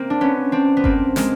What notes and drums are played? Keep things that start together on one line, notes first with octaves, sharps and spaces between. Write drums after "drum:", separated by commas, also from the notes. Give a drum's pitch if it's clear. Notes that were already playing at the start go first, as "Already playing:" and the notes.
Already playing: A#3 C4
D4
B3 C#4
C4 D4
B3
A#3 C4, drum: kick G1
G#3 A#3, drum: snare